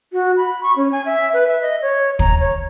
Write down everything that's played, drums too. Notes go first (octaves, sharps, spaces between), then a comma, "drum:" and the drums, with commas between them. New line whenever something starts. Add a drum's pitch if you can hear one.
F#4
B5
C#6
C#4
G#5
E5
B4
E5
D#5
C#5
A#5, drum: kick
C#5